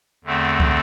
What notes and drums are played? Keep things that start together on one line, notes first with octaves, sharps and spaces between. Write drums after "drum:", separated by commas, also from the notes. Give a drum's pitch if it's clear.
E2 D3 A3 C4
drum: kick